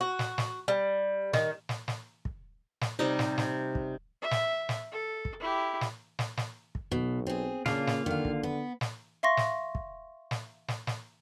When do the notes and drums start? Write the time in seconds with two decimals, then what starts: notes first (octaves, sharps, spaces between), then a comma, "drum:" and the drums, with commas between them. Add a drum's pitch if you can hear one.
0.01 F#4
0.19 drum: snare
0.38 drum: snare
0.68 G3
1.33 D#3, drum: snare
1.69 drum: snare
1.88 drum: snare
2.25 drum: kick
2.81 drum: snare
2.99 C3 G3 D#4
3.19 drum: snare
3.38 drum: snare
3.75 drum: kick
4.22 E5
4.31 drum: snare
4.69 drum: snare
4.92 A4
5.25 drum: kick
5.40 E4 G4
5.81 drum: snare
6.19 drum: snare
6.37 drum: snare
6.75 drum: kick
6.92 B1 B2
7.27 C4 G#4
7.66 C#3 A#3 D4 F4, drum: snare
7.87 drum: snare
8.06 D3 D#3 F5
8.25 drum: kick
8.43 B3
8.81 drum: snare
9.23 E5 F5 C6 C#6 A#6
9.37 drum: snare
9.75 drum: kick
10.31 drum: snare
10.68 drum: snare
10.87 drum: snare